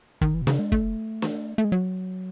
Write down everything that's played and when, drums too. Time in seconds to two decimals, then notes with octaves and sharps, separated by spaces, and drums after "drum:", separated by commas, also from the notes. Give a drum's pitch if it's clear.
0.21 D#3, drum: kick
0.34 E3
0.42 B2
0.47 C#3, drum: snare
0.59 G#3
0.72 A3, drum: kick
1.22 drum: snare
1.58 A3
1.65 G#3
1.72 F#3